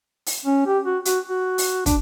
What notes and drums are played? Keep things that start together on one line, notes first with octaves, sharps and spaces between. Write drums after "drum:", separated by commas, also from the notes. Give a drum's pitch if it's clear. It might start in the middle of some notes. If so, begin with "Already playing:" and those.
drum: open hi-hat
C#4
G4
F#4
F#4, drum: hi-hat
F#4
drum: open hi-hat
D4, drum: kick, hi-hat